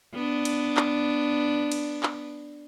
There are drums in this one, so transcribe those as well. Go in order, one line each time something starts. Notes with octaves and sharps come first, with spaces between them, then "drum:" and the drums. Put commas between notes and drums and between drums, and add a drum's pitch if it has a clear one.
B3 D4
drum: cymbal
drum: clap
drum: cymbal
drum: clap